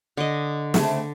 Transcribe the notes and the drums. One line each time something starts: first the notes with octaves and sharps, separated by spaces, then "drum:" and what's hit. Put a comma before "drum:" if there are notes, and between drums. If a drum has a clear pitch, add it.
D3 D#5
C#3 A3 C4, drum: snare